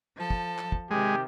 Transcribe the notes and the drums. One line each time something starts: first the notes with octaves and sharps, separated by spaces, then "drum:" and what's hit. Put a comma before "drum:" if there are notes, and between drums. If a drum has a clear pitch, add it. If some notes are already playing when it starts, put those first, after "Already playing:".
F3 A4
drum: kick
drum: clap
drum: kick
C3 D#3 G#3 G4